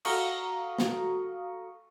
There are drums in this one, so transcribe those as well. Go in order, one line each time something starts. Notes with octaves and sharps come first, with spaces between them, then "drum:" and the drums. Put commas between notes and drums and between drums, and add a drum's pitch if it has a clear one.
F#4 A4 F5 A#5 C#6 D#6, drum: cymbal
drum: snare